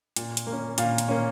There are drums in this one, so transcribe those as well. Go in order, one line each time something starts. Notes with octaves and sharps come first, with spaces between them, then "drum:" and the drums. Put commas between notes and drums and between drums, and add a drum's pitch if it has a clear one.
A#2, drum: hi-hat
drum: hi-hat
A#3
C#4
A#2 F5, drum: hi-hat
drum: hi-hat
A#3 C#4